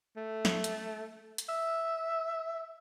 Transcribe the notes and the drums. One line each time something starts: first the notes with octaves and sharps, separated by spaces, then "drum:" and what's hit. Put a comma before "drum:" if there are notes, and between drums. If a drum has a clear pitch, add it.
A3
drum: snare
drum: hi-hat
drum: hi-hat
E5